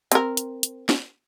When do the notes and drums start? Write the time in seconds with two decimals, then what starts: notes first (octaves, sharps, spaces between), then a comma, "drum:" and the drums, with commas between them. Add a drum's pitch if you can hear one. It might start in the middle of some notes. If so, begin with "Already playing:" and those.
0.12 C4 A#4, drum: hi-hat
0.37 drum: hi-hat
0.63 drum: hi-hat
0.89 drum: snare